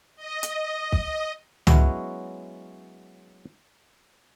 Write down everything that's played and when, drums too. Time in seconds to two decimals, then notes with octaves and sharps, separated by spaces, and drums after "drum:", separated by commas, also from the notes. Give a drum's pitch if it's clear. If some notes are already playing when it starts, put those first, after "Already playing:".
0.16 D#5
0.43 drum: hi-hat
0.92 drum: kick
1.67 F#3 G#3 B3 C#4 E4 F#4, drum: tom